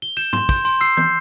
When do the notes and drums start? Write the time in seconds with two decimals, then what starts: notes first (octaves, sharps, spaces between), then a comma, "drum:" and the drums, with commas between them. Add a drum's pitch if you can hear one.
0.02 G7
0.17 G6 E7, drum: tambourine
0.33 C6, drum: tom
0.49 G6, drum: kick, tambourine
0.65 C6, drum: tambourine
0.81 E6 C7, drum: tambourine
0.97 G6, drum: tom